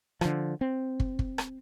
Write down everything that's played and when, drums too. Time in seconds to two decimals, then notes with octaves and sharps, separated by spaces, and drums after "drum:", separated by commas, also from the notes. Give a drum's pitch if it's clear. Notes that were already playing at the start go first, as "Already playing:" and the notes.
0.21 D3 F3, drum: rim click
0.61 C4
1.00 drum: kick
1.19 drum: kick
1.38 drum: rim click